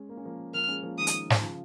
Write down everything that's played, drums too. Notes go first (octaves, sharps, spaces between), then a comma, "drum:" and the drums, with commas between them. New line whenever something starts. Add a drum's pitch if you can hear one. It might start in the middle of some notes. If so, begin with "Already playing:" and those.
Already playing: G#3 C#4
A#3
C#4
F3 A#3
F3 A#3 F6
G#3 C#4
F3 A#3
D#3 G#3 D#6
drum: hi-hat
drum: snare
C#3 F3